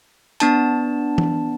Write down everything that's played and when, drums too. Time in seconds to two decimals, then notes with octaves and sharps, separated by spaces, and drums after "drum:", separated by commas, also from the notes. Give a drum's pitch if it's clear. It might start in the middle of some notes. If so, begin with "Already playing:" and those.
0.40 B3 D4 A5, drum: hi-hat
1.18 drum: tom